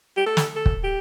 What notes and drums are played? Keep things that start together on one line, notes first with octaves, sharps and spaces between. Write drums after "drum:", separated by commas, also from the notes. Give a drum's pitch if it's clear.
G4
A4
drum: snare
A4
drum: kick
G4